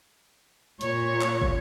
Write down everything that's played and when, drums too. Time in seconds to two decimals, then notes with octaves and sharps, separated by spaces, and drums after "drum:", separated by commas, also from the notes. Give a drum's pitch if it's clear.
0.81 A#2 C#5, drum: hi-hat
1.21 drum: clap
1.42 drum: kick